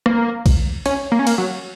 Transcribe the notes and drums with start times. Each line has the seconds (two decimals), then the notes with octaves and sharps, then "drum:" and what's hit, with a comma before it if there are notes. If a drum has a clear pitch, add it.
0.06 A#3, drum: rim click
0.46 drum: kick, cymbal
0.86 C#4, drum: cymbal
1.12 A#3
1.19 C#4
1.27 A#3, drum: cymbal
1.38 F#3